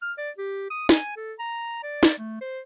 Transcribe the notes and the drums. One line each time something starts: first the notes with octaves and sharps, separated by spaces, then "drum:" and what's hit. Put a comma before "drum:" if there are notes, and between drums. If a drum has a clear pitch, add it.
F6
D5
G4
D#6
G#5, drum: snare
A4
A#5
D5
drum: snare
A3
C5